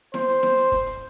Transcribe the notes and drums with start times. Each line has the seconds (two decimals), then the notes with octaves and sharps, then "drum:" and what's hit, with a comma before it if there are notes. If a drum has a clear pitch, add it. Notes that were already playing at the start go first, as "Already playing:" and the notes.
0.14 C5, drum: snare E4
0.28 drum: hi-hat
0.43 drum: snare E4
0.57 drum: hi-hat
0.72 drum: kick, hi-hat
0.86 drum: hi-hat